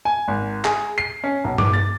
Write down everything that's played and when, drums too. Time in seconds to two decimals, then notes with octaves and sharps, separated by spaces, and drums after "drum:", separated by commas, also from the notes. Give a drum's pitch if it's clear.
0.05 G#5
0.28 G#1
0.65 G#4, drum: clap
0.98 C7
1.24 C#4
1.44 B1
1.58 D6, drum: tom G2
1.73 A6